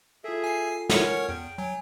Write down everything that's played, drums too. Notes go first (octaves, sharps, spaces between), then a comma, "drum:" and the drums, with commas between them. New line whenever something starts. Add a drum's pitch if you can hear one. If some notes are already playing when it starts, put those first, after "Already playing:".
F4 G#4 A4 E5
G#5 C7
C#4 A#4 C#5 F#5 C#6, drum: snare
E2 G5
F#3 G#5